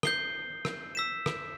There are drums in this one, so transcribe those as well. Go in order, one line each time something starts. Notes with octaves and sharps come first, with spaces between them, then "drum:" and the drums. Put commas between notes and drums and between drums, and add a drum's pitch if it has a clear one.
G6 C7 G7, drum: rim click
drum: rim click
E6 B6 E7
drum: rim click